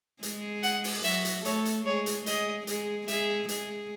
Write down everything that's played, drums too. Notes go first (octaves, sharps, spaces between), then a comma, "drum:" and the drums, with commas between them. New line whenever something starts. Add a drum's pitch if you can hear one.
G#3 G#4, drum: hi-hat
F#5, drum: hi-hat
drum: open hi-hat
F#3 F#4 E5, drum: hi-hat
drum: hi-hat
A3 A4 C#5, drum: hi-hat
drum: hi-hat
G#3 G#4 C#5
drum: hi-hat
G#3 G#4 D#5, drum: hi-hat
G#3 G#4, drum: hi-hat
G#3 G#4 E5, drum: hi-hat
G#3 G#4, drum: hi-hat